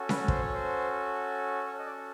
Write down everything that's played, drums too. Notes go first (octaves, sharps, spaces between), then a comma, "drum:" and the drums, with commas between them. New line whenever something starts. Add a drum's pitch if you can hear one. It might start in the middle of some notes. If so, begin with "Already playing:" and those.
Already playing: C#4 F#4 A4
B4, drum: snare C#4
C5, drum: kick
C#5
C5
C#5
D#5
D5